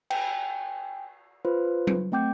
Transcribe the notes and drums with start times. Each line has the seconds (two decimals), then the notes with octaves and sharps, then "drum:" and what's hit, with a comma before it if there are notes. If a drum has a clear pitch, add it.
0.10 G5 G#5, drum: cymbal
1.45 F4 B4 C5
1.87 drum: tom F#3
2.12 A3 C4 G5 D6 G6